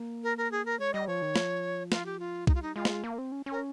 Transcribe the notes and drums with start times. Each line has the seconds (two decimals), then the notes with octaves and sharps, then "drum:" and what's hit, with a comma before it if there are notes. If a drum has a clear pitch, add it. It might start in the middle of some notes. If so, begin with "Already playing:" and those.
Already playing: A#3
0.23 A#4
0.38 A#4
0.52 G#4
0.66 A#4
0.79 G#3 C#5
0.94 G3 D#5
1.07 F3 C#5
1.22 D#3
1.36 F3, drum: snare
1.92 F4, drum: snare
2.06 G4
2.20 F4
2.47 G3 D#4, drum: kick
2.55 F4
2.62 D#4
2.76 G#3 F4
2.85 drum: snare
3.04 A#3
3.18 C4
3.32 C#4
3.46 C#4
3.51 A#4